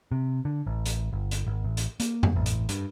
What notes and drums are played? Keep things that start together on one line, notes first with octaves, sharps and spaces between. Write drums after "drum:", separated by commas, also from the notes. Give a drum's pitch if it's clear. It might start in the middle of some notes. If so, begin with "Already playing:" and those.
C3
D3
A1
drum: hi-hat
G1
drum: hi-hat
G#1
A1
drum: hi-hat
A#3, drum: hi-hat
drum: tom F2
A1
drum: hi-hat
G2, drum: hi-hat